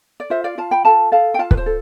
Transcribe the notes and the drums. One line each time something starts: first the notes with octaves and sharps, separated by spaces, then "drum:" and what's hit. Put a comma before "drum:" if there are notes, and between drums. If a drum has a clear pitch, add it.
D5
F4 C5 E5
D5 F5
F4 F5 A5
G5 B5
A4 F5 A5
A4 F5 A5
G5
F4 F5 A5
B4, drum: kick
C5
A4